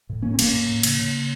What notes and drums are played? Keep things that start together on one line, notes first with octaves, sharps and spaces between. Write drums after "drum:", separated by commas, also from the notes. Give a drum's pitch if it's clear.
A2
A2 A#3 C#4
C4
A2 A#3 C#4, drum: cymbal
A2
A2
C#3, drum: cymbal
C#3